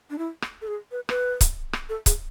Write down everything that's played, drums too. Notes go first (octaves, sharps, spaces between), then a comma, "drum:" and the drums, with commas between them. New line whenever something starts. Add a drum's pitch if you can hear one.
D4
E4
drum: rim click
A4
G#4
B4
B4, drum: rim click
drum: kick C#1, hi-hat
drum: rim click
A4
G#4, drum: kick C#1, hi-hat